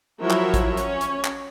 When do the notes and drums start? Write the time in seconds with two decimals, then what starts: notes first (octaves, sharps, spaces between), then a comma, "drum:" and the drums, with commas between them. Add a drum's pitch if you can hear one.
0.21 F3 F#3 E4 A#4 C#5 E5
0.30 drum: clap
0.54 drum: kick, hi-hat
0.77 C#4 C#5, drum: hi-hat
1.01 drum: hi-hat
1.24 drum: clap